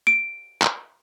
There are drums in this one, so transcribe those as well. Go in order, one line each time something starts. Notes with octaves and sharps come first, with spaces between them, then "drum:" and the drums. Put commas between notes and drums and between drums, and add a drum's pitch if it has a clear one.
D7
drum: clap